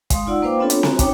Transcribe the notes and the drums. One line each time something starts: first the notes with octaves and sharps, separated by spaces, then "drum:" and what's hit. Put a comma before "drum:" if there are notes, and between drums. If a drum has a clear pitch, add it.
G#3 F5 C6 D#6, drum: kick, hi-hat
D#4 F4 D5 F#5 E6
A#3 B4 C5 F5 G5 D6
B3 C4 D4 F4 A4 C#5
drum: hi-hat
C4 F#4 G#5 A#5, drum: snare C4
C#4 D#4 C#5 G5 D6, drum: kick, hi-hat